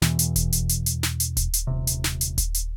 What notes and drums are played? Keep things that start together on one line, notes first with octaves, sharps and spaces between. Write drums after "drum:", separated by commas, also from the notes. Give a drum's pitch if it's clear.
E2 B2 E3, drum: snare
drum: hi-hat
drum: kick D#1, hi-hat
drum: hi-hat
drum: hi-hat
drum: hi-hat
drum: snare
drum: hi-hat
drum: kick D#1, hi-hat
drum: hi-hat
D#1 C3
drum: hi-hat
drum: snare
drum: hi-hat
drum: kick D#1, hi-hat
drum: hi-hat